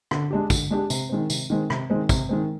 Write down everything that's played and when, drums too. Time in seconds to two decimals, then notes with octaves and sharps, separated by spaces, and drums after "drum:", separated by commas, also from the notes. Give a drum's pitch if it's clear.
0.11 D3, drum: rim click
0.31 G#3 D4 G4
0.50 D3, drum: kick, tambourine
0.71 G#3 D4 G4
0.90 C3, drum: tambourine
1.09 D#3 G#3 C4
1.30 C3, drum: tambourine
1.50 D#3 G#3 C4
1.70 C3, drum: rim click
1.90 D#3 G#3 C4
2.09 C3, drum: kick, tambourine
2.29 D#3 G#3 C4